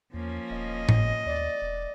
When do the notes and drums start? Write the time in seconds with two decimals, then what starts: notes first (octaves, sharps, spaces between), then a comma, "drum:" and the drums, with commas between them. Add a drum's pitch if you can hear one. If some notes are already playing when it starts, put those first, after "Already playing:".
0.14 E2 F3 A#3 C#4
0.51 D#1 D#5
0.89 G#1, drum: tom A2
1.26 D#2 D5
1.62 E1